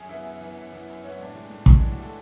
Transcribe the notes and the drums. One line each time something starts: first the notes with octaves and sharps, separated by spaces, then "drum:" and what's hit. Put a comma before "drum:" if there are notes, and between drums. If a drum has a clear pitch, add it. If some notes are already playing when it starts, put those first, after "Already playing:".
Already playing: F#2 G#4
E3 B3 E4
F#2
E3 B3
F#2
E3 B3
F#2
E3 B3 C#4
A2 D4
E3 G#3
A2
E3 G#3, drum: kick
A2 D4
F#4
E3 G#3 A4